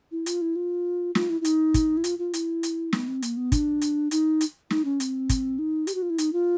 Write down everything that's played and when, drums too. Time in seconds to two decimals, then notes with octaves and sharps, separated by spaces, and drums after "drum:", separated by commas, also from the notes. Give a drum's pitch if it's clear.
0.12 E4
0.26 F4, drum: hi-hat
0.41 E4
0.56 F4
1.15 F4, drum: snare
1.30 E4
1.41 E4
1.45 D#4, drum: hi-hat
1.74 drum: kick, hi-hat
1.97 E4
2.04 F4, drum: hi-hat
2.19 F4
2.34 E4, drum: hi-hat
2.63 drum: hi-hat
2.93 B3, drum: snare
3.08 C4
3.22 A#3, drum: hi-hat
3.37 B3
3.52 D4, drum: kick, hi-hat
3.81 drum: hi-hat
4.11 D#4, drum: hi-hat
4.41 drum: hi-hat
4.70 D#4, drum: snare
4.85 C#4
5.00 C4, drum: hi-hat
5.29 drum: kick, hi-hat
5.59 D#4
5.87 G4, drum: hi-hat
5.95 F#4
6.02 F4
6.10 E4
6.18 D#4, drum: hi-hat
6.33 F4